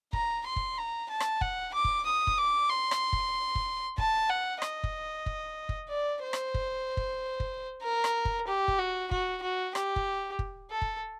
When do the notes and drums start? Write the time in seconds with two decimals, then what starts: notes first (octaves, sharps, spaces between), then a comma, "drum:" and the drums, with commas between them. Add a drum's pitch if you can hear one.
0.13 A#5, drum: kick
0.46 C6
0.56 drum: kick
0.78 A#5
1.10 A5
1.20 drum: rim click
1.41 F#5, drum: kick
1.74 D6
1.84 drum: kick
2.06 D#6
2.27 drum: kick
2.38 D6
2.70 C6
2.91 drum: rim click
3.13 drum: kick
3.55 drum: kick
3.98 A5, drum: kick
4.30 F#5
4.62 D#5, drum: rim click
4.84 drum: kick
5.26 drum: kick
5.69 drum: kick
5.90 D5
6.23 C5
6.33 drum: rim click
6.54 drum: kick
6.97 drum: kick
7.40 drum: kick
7.82 A#4
8.04 drum: rim click
8.25 drum: kick
8.47 G4
8.68 drum: kick
8.79 F#4
9.11 F#4, drum: kick
9.42 F#4
9.75 G4, drum: rim click
9.96 drum: kick
10.39 drum: kick
10.70 A4
10.82 drum: kick